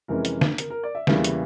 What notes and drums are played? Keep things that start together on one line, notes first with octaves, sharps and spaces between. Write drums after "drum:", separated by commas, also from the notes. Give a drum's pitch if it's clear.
F2 C3 E3 G#3 C#4 A#4
drum: hi-hat
drum: snare
A#4, drum: hi-hat
A#4
D5
E5
E2 C#3 E3 G3 A#3, drum: snare
drum: hi-hat